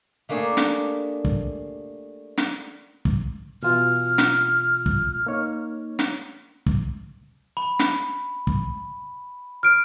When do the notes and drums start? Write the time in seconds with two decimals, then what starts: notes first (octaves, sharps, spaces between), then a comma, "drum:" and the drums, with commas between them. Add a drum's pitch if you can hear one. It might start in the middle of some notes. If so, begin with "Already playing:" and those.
0.29 A3 A#3 D4 G4 G#4
0.57 drum: snare
1.25 drum: kick
2.37 drum: snare
3.05 drum: kick
3.63 B2 E3 F4 F6
4.18 drum: snare
4.86 drum: kick
5.26 A#3 D#4 C#5
5.99 drum: snare
6.66 drum: kick
7.57 B5
7.79 drum: snare
8.47 drum: kick
9.63 F6 D7